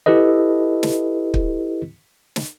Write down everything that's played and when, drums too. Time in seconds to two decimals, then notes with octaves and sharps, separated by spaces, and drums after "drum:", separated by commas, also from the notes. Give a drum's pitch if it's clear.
0.06 E4 G4 A4 B4 D#5
0.83 drum: snare
1.34 drum: kick
2.36 drum: snare